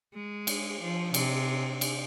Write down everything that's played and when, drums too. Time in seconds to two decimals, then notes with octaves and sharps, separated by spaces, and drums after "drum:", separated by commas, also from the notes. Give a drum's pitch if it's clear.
0.14 G#3
0.47 drum: cymbal
0.81 F3
1.14 C3, drum: cymbal
1.81 drum: cymbal